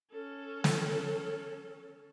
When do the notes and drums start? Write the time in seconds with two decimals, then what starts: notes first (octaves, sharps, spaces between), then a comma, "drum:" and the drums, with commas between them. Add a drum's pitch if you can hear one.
0.11 C#4 A4
0.64 drum: snare